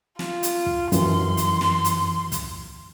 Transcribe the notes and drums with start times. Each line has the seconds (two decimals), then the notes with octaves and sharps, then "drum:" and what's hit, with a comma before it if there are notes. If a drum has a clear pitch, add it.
0.19 F4, drum: snare
0.43 drum: hi-hat
0.66 drum: kick
0.92 F#2 E3 C6, drum: hi-hat
1.37 drum: hi-hat
1.61 drum: snare
1.84 drum: hi-hat
2.32 drum: kick, hi-hat